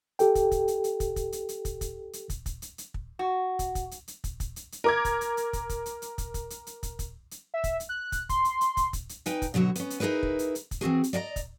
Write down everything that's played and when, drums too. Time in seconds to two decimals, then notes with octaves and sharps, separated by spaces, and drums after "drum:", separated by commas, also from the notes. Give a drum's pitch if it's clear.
0.19 G4 A4 G5, drum: hi-hat
0.35 drum: kick, hi-hat
0.52 drum: kick, hi-hat
0.68 drum: hi-hat
0.84 drum: hi-hat
1.00 drum: kick, hi-hat
1.16 drum: kick, hi-hat
1.32 drum: hi-hat
1.49 drum: hi-hat
1.65 drum: kick, hi-hat
1.81 drum: kick, hi-hat
2.13 drum: hi-hat
2.30 drum: kick, hi-hat
2.46 drum: kick, hi-hat
2.62 drum: hi-hat
2.78 drum: hi-hat
2.94 drum: kick
3.19 F#4
3.59 drum: kick, hi-hat
3.75 drum: kick, hi-hat
3.91 drum: hi-hat
4.08 drum: hi-hat
4.24 drum: kick, hi-hat
4.40 drum: kick, hi-hat
4.56 drum: hi-hat
4.72 drum: hi-hat
4.84 A#4 D6 G#6
5.05 drum: kick, hi-hat
5.21 drum: hi-hat
5.37 drum: hi-hat
5.53 drum: kick, hi-hat
5.69 drum: kick, hi-hat
5.86 drum: hi-hat
6.02 drum: hi-hat
6.18 drum: kick, hi-hat
6.34 drum: kick, hi-hat
6.50 drum: hi-hat
6.67 drum: hi-hat
6.83 drum: kick, hi-hat
6.99 drum: kick, hi-hat
7.31 drum: hi-hat
7.54 E5
7.64 drum: kick, hi-hat
7.80 drum: hi-hat
7.89 F#6
8.12 drum: kick, hi-hat
8.29 C6, drum: kick, hi-hat
8.45 drum: hi-hat
8.61 drum: hi-hat
8.77 drum: kick, hi-hat
8.93 drum: kick, hi-hat
9.09 drum: hi-hat
9.26 D#4 B4 G5 G#5, drum: hi-hat
9.42 drum: kick, hi-hat
9.54 B2 D3 F#3 F#4
9.76 B3 C#4, drum: hi-hat
9.90 drum: hi-hat
10.00 D#4 E4 G#4 A#4 B4
10.23 drum: kick
10.39 drum: hi-hat
10.55 drum: hi-hat
10.71 drum: kick, hi-hat
10.81 E3 C4 F#4 G#4
11.04 drum: hi-hat
11.13 D5 D#5 F5 A#5
11.36 drum: kick, hi-hat